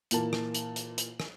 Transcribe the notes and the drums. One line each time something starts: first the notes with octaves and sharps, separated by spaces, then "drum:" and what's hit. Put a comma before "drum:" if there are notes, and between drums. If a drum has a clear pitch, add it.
A#2 E3 A#3 A5, drum: hi-hat
drum: rim click
drum: hi-hat
drum: hi-hat
drum: hi-hat
drum: rim click